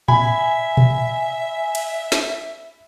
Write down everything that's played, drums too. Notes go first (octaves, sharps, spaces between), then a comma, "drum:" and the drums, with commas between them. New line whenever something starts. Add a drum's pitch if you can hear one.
E5 G#5 B5, drum: tom A2
drum: tom A#2
drum: cymbal
drum: snare